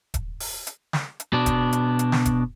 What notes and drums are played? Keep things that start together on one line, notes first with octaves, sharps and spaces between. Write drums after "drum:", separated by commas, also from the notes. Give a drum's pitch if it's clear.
drum: kick D#1, hi-hat
drum: open hi-hat
drum: hi-hat
drum: snare
drum: hi-hat
B2 D4
drum: kick D#1, hi-hat
drum: hi-hat
drum: hi-hat
drum: snare
drum: kick D#1, hi-hat